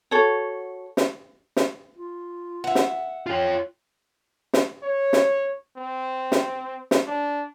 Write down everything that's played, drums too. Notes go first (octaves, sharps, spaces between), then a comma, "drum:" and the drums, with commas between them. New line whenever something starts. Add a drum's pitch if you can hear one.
F#4 A4 C#5
drum: snare
drum: snare
F4
E5 F#5
drum: snare
F4 C#5 G5
drum: snare
C#5
drum: snare
C4
drum: snare
drum: snare
D4